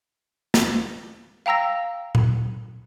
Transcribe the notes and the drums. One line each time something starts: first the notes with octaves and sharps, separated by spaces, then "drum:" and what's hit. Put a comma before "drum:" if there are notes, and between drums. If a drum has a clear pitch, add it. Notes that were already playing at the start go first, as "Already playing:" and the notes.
drum: snare
F5 G5 A#5 E6 A#6
drum: tom A#2